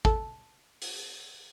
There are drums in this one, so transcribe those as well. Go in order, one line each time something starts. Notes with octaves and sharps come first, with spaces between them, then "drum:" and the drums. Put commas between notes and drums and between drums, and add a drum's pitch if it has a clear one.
A4, drum: kick
drum: open hi-hat